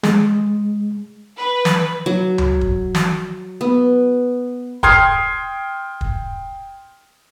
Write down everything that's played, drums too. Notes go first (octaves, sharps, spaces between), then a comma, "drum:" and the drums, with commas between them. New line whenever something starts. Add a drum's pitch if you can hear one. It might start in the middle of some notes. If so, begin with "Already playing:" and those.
G#3, drum: snare
B4
drum: snare
F#3
drum: tom C#2
drum: kick
drum: snare
B3
G5 C6 D#6 F6 G#6 C7, drum: kick
drum: kick